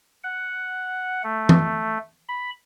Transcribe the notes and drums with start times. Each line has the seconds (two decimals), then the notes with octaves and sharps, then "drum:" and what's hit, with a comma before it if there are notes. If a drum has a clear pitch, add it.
0.24 F#5
1.23 A3
1.49 drum: tom E3
2.29 B5